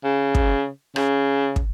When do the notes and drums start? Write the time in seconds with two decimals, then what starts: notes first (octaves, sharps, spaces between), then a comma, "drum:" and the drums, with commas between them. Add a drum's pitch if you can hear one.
0.04 C#3
0.35 drum: kick
0.96 C#3, drum: rim click
1.56 drum: kick